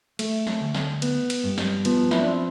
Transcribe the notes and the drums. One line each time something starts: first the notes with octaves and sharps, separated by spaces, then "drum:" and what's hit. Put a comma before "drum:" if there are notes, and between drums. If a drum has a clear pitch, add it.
A3, drum: cymbal
drum: snare
D2
drum: snare
B3, drum: cymbal
drum: cymbal
G2
drum: snare
F3 B3, drum: cymbal
E4, drum: snare
D4
C4